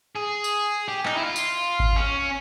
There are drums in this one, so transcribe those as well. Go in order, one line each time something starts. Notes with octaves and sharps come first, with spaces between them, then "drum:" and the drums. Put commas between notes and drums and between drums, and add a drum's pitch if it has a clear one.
G#4
drum: tambourine
G4
D#4, drum: clap
E4
F4
drum: tambourine
drum: kick G#1
C#4